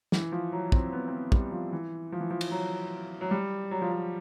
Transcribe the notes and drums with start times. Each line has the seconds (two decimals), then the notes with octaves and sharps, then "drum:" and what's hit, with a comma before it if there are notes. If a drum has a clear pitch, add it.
0.12 E3, drum: snare
0.32 F3
0.52 F#3
0.72 C4, drum: kick
0.92 B3
1.08 C4
1.12 B3
1.32 G3, drum: kick
1.52 F3
1.72 E3
2.12 F3
2.20 E3
2.30 F3
2.41 drum: cymbal
2.51 F#3
3.21 F#3
3.31 G3
3.71 F#3
3.81 F3
3.92 F#3